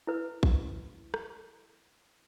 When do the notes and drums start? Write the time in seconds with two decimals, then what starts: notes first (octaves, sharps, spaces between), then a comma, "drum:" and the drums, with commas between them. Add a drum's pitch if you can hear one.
0.07 E4 B4
0.43 drum: kick A#1
1.14 drum: rim click